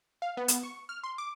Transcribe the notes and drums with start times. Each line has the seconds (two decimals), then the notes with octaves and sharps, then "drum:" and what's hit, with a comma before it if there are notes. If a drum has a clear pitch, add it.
0.22 F5
0.37 B3
0.48 drum: hi-hat
0.63 C#6
0.89 F6
1.03 C6
1.18 D6